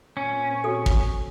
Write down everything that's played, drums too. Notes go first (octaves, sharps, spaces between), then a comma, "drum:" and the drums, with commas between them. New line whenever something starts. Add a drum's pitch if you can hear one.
A#2 C4 C#4
F#4 A4
drum: kick